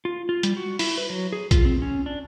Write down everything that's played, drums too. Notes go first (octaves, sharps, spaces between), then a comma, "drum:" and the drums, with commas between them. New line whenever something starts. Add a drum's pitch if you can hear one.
F4
F4
G3, drum: hi-hat
F#4
E4, drum: open hi-hat
B4
F#3
G#4
F4, drum: kick, hi-hat
C4
C#4
D4